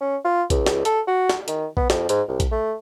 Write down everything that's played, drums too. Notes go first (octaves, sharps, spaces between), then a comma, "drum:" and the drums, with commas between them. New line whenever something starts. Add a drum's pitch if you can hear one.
C#4
F4
C#2, drum: kick A#1, hi-hat
drum: snare
A4, drum: hi-hat
F#4
drum: snare
D#3, drum: hi-hat
B3, drum: kick A#1
F2, drum: snare
G#2, drum: hi-hat
C2
drum: kick A#1, hi-hat
A3